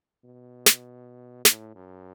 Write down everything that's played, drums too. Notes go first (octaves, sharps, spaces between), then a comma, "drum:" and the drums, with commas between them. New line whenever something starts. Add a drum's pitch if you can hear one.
B2
drum: snare
A2, drum: snare
F#2